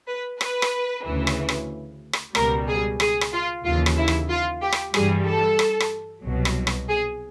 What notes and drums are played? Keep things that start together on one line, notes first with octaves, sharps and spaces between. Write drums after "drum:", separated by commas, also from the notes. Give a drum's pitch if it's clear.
B4
B4, drum: rim click
drum: rim click
D2 C#3 E3
drum: rim click
drum: rim click
drum: rim click
C#2 B2 G3 A#4, drum: rim click
G#4
G#4, drum: rim click
drum: rim click
F4
D#2 C#3 E3 F4
drum: rim click
E4
drum: rim click
F4
G4
drum: rim click
G2 E3 G3 G#4, drum: rim click
A4
drum: rim click
drum: rim click
C2 B2 F#3
drum: rim click
drum: rim click
G#4